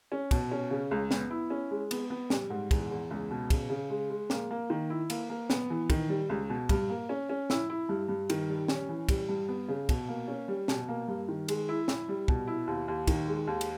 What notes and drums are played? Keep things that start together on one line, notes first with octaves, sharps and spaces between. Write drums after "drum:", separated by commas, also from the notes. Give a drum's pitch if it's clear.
C#4
B2, drum: kick, cymbal
C#4
C#3
C#2
B3, drum: snare
E4
C#4
G#3
B3, drum: cymbal
B3
G3, drum: snare
G#2
E2, drum: kick, cymbal
E2
C#2
B2
C#3, drum: kick, cymbal
C#3
G#3
G#3
A#3, drum: snare
A#3
D#3
E4
A#3, drum: cymbal
A#3
B3, drum: snare
E3
D#3, drum: kick, cymbal
G3
C#2
B2
G2, drum: kick, cymbal
A#3
C#4
C#4
E4, drum: snare
E4
G2
G2
D#3, drum: cymbal
G3
C#4, drum: snare
E3
G3, drum: kick, cymbal
G2
B3
C#3
B2, drum: kick, cymbal
A#3
C#4
G3
B2, drum: snare
A#3
G2
D#3
G#3, drum: cymbal
E4
E4, drum: snare
G3
B2, drum: kick
E4
D#2
D#2
D#3, drum: kick, cymbal
G#3
D#2
drum: cymbal